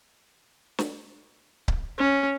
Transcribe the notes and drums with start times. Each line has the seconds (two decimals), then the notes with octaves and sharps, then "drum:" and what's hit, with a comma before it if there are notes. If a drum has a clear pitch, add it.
0.79 drum: snare
1.68 drum: kick C#1
1.98 C#4